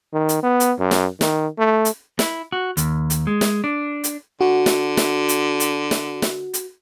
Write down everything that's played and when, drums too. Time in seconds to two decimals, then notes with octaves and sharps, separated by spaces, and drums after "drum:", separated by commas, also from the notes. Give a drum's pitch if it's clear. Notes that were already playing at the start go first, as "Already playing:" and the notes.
0.13 D#3
0.29 drum: hi-hat
0.43 B3
0.60 drum: hi-hat
0.79 F#2
0.91 drum: snare
1.21 D#3, drum: snare
1.58 A3
1.85 drum: hi-hat
2.19 E4, drum: snare
2.52 F#4
2.77 D#2, drum: hi-hat
3.10 drum: hi-hat
3.27 G#3
3.41 drum: snare
3.64 D4
4.04 drum: hi-hat
4.41 D3 F#4
4.66 drum: snare
4.97 drum: snare
5.29 drum: hi-hat
5.60 drum: hi-hat
5.91 drum: snare
6.22 drum: snare
6.54 drum: hi-hat